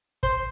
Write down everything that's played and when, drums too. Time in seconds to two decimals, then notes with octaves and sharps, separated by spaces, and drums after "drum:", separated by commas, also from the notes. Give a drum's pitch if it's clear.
0.23 C5, drum: kick